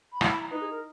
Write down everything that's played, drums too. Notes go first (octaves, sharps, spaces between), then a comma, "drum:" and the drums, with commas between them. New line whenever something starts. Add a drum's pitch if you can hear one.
B5
E4 C#6, drum: rim click
B5
A#5
D#4 B4
G#4
A#4